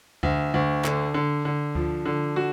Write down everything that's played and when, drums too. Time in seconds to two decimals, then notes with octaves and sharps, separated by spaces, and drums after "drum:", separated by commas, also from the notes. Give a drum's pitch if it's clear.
0.23 D2, drum: kick D2
0.54 D2
0.84 D3, drum: clap
1.14 D3
1.45 D3
1.75 F3, drum: kick D2
2.06 D3
2.36 F#4